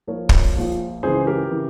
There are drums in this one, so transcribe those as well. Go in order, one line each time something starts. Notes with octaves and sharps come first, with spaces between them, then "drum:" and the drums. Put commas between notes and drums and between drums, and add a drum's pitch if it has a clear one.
A#1 A#2 F3 A#4 C#5
drum: kick
A#1 A#2 F3
C#2 C#3 E3 G#4 C5
G4 A#4
C#3 E3